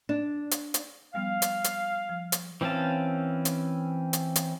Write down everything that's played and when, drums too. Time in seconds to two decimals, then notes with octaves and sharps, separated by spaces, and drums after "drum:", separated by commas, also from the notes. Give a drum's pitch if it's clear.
0.09 D4
0.51 drum: hi-hat
0.74 drum: hi-hat
1.14 F3 G3 B3 F5
1.42 drum: hi-hat
1.64 drum: hi-hat
2.10 F3
2.32 drum: hi-hat
2.61 E3 C4 C#4 F5 A5
3.45 drum: hi-hat
4.13 drum: hi-hat
4.36 drum: hi-hat